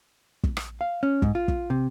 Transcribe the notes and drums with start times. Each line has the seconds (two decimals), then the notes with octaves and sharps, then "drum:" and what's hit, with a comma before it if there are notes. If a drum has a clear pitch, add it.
0.44 drum: kick
0.57 drum: rim click
0.81 F5
1.03 C#4
1.22 G#2, drum: kick
1.35 F4
1.48 drum: kick
1.70 C3